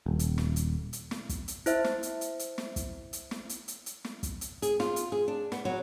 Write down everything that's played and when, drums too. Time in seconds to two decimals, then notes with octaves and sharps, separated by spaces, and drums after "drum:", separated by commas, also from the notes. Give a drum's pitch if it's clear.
0.06 D#1
0.19 drum: hi-hat
0.38 drum: snare
0.56 drum: hi-hat
0.93 drum: hi-hat
1.11 drum: snare
1.29 drum: kick, hi-hat
1.48 drum: hi-hat
1.66 E4 C5 E5, drum: hi-hat
1.84 drum: snare
2.03 drum: hi-hat
2.21 drum: hi-hat
2.39 drum: hi-hat
2.58 drum: snare
2.76 drum: kick, hi-hat
3.13 drum: hi-hat
3.31 drum: snare
3.49 drum: hi-hat
3.68 drum: hi-hat
3.86 drum: hi-hat
4.04 drum: snare
4.23 drum: kick, hi-hat
4.41 drum: hi-hat
4.62 G#4, drum: hi-hat
4.80 F4, drum: snare
4.96 drum: hi-hat
5.12 G#4
5.28 D4
5.52 B3, drum: snare
5.65 F#3